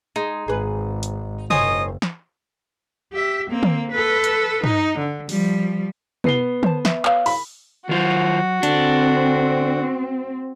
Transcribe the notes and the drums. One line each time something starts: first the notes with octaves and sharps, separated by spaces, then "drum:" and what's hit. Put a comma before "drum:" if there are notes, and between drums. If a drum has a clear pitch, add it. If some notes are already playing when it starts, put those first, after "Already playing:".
G#3 D#4
G#1 G#4 B4
drum: hi-hat
F#1 D#3 F3 C5 C#5 D#5 G#5 D#6, drum: tom
drum: snare
G4 E5
A#3 C4
drum: tom
A4 B4
drum: hi-hat
D#4, drum: tom
D3
F3 G3, drum: open hi-hat
B3 C7 G7, drum: tom
C5 A5, drum: tom
E5, drum: snare
B4 C#5 F5, drum: clap
B5, drum: open hi-hat
D#3 F#3 F4 F#4 C5
D3 C4 D4, drum: hi-hat